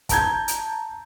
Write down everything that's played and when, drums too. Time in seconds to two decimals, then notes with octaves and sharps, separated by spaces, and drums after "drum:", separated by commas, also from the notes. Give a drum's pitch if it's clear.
0.09 A5 A#5 G6 G#6, drum: kick, hi-hat
0.48 drum: hi-hat